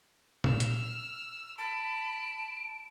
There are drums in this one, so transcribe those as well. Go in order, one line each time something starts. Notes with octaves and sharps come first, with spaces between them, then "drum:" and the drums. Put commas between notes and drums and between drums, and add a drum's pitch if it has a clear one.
E6 F6, drum: tom A#2
drum: hi-hat
A5 B5 D7